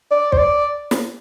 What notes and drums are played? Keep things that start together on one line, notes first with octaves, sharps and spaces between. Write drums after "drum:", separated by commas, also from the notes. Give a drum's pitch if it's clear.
D5
C5, drum: kick
D5
drum: snare